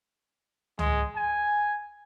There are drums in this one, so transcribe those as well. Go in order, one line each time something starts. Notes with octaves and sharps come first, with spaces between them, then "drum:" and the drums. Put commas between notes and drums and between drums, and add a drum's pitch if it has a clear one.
G#3, drum: tom C#2
G#5